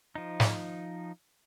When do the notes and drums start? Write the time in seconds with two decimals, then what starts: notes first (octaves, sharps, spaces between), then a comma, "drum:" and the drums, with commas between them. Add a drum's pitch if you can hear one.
0.15 F3 D#4
0.40 drum: snare